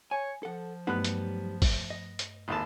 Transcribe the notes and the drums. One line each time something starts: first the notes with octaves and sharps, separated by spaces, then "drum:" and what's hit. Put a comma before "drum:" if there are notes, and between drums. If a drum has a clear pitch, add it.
C#5 G#5
F3 A4 F#5
G2 F#3 G3 A3 B3 D#4 F#6
drum: hi-hat
drum: kick, open hi-hat
D#5
drum: hi-hat
G#1 D#2 A5